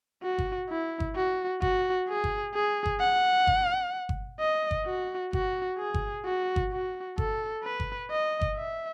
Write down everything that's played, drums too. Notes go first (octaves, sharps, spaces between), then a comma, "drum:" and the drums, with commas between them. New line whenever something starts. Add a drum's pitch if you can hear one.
F#4
drum: kick G1
E4
drum: kick G1
F#4
F#4, drum: kick G1
G#4
drum: kick G1
G#4
drum: kick G1
F#5
drum: kick G1
drum: kick G1
D#5
drum: kick G1
F#4
F#4, drum: kick G1
G#4
drum: kick G1
F#4
drum: kick G1
F#4
A4, drum: kick G1
B4
drum: kick G1
D#5
drum: kick G1
E5